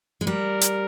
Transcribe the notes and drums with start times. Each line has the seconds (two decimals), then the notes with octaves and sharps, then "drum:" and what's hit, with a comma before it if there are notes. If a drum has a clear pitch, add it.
0.21 G#3
0.27 G3 A#4
0.61 drum: hi-hat